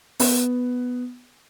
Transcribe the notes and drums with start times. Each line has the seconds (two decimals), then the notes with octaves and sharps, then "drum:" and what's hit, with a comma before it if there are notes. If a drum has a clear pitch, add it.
0.20 B3, drum: open hi-hat